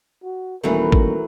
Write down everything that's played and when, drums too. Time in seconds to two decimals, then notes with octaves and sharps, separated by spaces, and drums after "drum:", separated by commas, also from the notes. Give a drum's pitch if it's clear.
0.24 F#4
0.64 D#1 E3 F#3 A3 A#4
0.92 drum: kick